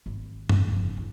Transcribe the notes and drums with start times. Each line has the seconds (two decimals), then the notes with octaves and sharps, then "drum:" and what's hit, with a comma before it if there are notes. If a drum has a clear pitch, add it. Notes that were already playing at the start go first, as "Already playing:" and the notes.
0.06 G#1
0.49 E3 D4, drum: tom
0.68 F#1 F2
0.97 A1